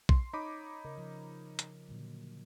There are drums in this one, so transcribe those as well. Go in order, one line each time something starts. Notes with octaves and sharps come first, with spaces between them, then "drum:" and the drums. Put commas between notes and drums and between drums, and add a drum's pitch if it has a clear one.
C6, drum: kick
D#4 C#5 B5 D6
C#3 A#4 D#5
F3
drum: hi-hat
A#2 D3 F#3